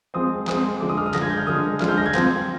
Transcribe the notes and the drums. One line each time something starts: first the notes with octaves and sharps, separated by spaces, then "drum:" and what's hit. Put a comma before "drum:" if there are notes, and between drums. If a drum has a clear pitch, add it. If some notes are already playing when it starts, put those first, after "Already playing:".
F3 G#3 C4 D#6
F3 G#3 C4 D#6, drum: clap
D3 F3 G#3 D6
D#6
F6
D#6
D3 F3 G#3 A#6, drum: clap
G#6
G6
F6
D3 F3 G#3 D#6
D3 F3 G#3 F6, drum: clap
G6
A#6
G#6
F3 C4, drum: clap